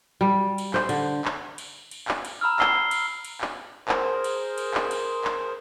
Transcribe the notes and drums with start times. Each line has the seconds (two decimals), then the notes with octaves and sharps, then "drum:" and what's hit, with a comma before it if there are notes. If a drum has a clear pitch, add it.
0.21 G3
0.58 drum: cymbal
0.74 C5, drum: clap
0.89 D3, drum: cymbal
1.25 drum: clap
1.58 drum: cymbal
1.91 drum: cymbal
2.08 drum: clap
2.25 drum: cymbal
2.41 A#5 B5 E6 F6
2.60 E6 C7 G7, drum: clap
2.91 drum: cymbal
3.25 drum: cymbal
3.41 drum: clap
3.88 G#4 A#4 C5, drum: clap
4.24 drum: cymbal
4.58 drum: cymbal
4.74 drum: clap
4.91 drum: cymbal
5.24 drum: clap